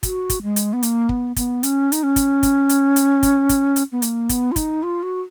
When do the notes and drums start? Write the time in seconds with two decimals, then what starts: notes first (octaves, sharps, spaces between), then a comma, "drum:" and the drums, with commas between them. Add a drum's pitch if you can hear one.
0.03 F#4, drum: kick, hi-hat
0.30 drum: kick, hi-hat
0.43 G#3
0.56 drum: hi-hat
0.73 B3
0.83 A#3, drum: hi-hat
1.09 B3, drum: kick
1.36 B3, drum: kick, hi-hat
1.63 C#4, drum: hi-hat
1.92 D#4, drum: hi-hat
2.03 C#4
2.16 drum: kick, hi-hat
2.43 drum: kick, hi-hat
2.69 drum: hi-hat
2.96 drum: hi-hat
3.23 drum: kick, hi-hat
3.49 drum: kick, hi-hat
3.76 drum: hi-hat
3.92 B3
4.02 A#3, drum: hi-hat
4.29 B3, drum: kick, hi-hat
4.52 F4
4.56 D#4, drum: kick, hi-hat
4.83 F4
5.03 F#4